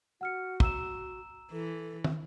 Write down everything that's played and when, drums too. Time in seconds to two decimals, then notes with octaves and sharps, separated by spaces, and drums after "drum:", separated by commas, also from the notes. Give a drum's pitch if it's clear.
0.21 F#4 F#5 F6 C#7
0.60 A#5 E6 E7, drum: kick
1.52 E3 A4
2.04 drum: tom